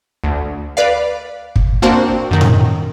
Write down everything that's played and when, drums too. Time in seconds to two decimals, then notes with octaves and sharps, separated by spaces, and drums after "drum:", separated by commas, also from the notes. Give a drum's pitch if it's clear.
0.24 D2
0.77 B4 D5 F5
1.56 drum: kick
1.82 A#3 C4 D4 F#4 A#4 C5
2.31 F#2 D#3
2.41 drum: tom A2